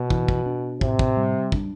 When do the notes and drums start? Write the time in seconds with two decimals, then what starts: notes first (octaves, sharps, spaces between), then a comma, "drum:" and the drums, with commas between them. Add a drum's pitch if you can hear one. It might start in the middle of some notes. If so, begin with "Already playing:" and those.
Already playing: B2
0.10 E3, drum: kick
0.28 drum: kick
0.46 D4
0.81 A2 C3, drum: kick
0.99 drum: kick
1.17 G3
1.52 D4, drum: kick